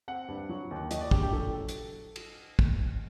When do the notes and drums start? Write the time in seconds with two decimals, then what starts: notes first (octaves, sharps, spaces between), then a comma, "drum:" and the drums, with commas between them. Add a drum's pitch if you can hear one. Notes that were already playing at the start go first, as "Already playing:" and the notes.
0.08 C4 F#5
0.28 G2
0.49 F#3
0.71 D#2
0.91 F#3 D#5, drum: hi-hat
1.01 D5
1.11 A#1 G4, drum: kick
1.22 G4
1.32 F#3 A4
1.69 drum: hi-hat
2.16 drum: cymbal
2.59 drum: kick